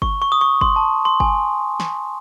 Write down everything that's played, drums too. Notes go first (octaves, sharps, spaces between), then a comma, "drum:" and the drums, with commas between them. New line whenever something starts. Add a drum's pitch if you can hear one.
C#6, drum: kick G1
C#6
D#6
C#6
C6, drum: kick G1
A5
C6
G#5, drum: kick G1
drum: snare